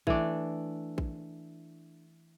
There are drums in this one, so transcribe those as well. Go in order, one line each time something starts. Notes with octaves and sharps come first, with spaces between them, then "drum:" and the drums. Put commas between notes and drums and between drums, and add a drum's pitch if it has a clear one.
E3 A3 D4, drum: kick A#1
drum: kick A#1